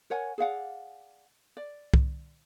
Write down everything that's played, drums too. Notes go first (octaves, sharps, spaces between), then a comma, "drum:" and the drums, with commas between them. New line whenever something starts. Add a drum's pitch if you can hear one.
A#4 C#5 F#5 G#5
G#4 D5 F5 F#5
D5
drum: kick C2